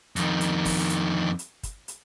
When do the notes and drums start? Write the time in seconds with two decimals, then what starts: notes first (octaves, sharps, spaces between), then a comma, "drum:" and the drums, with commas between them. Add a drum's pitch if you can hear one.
0.16 F2 D#3, drum: hi-hat
0.41 drum: hi-hat
0.65 drum: kick, open hi-hat
0.90 drum: hi-hat
1.39 drum: hi-hat
1.63 drum: kick, hi-hat
1.88 drum: hi-hat